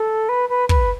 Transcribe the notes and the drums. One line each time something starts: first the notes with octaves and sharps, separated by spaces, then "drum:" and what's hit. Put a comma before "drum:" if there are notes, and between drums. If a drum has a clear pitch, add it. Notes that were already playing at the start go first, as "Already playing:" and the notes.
Already playing: A4
B4
B4
B4, drum: kick